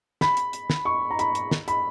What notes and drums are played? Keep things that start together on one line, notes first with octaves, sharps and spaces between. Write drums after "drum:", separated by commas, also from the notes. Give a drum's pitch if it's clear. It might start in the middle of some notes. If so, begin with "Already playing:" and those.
B5, drum: snare
drum: hi-hat
drum: hi-hat
drum: snare
C#6
A#5
B5, drum: hi-hat
drum: hi-hat
drum: snare
B5, drum: hi-hat